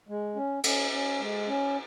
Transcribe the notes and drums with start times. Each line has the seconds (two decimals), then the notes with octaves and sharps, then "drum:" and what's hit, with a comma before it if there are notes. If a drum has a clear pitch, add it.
0.09 G#3
0.36 C#4
0.64 C#4, drum: cymbal
0.91 C#4
1.20 G#3
1.48 C#4